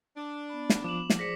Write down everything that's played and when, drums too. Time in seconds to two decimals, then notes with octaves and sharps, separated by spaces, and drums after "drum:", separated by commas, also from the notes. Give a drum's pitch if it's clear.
0.17 D4
0.49 B3 B5
0.70 drum: snare
0.84 F3 D6 E7 F#7
1.10 drum: snare
1.19 G#4 C5 D5 A#6 B6 C#7